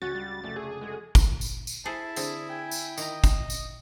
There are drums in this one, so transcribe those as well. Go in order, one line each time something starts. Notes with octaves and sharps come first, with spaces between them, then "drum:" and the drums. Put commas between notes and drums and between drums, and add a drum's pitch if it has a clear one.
C#2 C#4 F#4 A6
G3
F1 A3 D5 G#5
G#4
G#3 F#4 A4 B4
drum: kick, tambourine
drum: tambourine
drum: tambourine
E4 G#4 A4 C5 A5
D3 C4 G#4, drum: tambourine
G5 G#5
drum: tambourine
D#3 D#5 A#5, drum: tambourine
drum: kick, tambourine
drum: tambourine